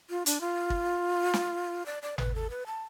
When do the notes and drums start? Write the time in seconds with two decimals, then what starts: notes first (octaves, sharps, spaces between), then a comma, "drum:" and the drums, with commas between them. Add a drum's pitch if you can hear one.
0.10 F4
0.26 D4, drum: hi-hat
0.41 F4
0.70 drum: kick
1.34 drum: snare
1.86 D5
2.02 D5
2.18 B4, drum: tom G#1
2.35 A4
2.50 B4
2.66 A5